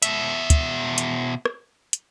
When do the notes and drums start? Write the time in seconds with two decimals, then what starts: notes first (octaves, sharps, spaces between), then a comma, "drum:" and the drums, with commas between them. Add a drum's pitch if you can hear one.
0.02 B2 E5, drum: hi-hat
0.50 drum: kick, hi-hat
0.98 drum: hi-hat
1.45 drum: rim click
1.93 drum: hi-hat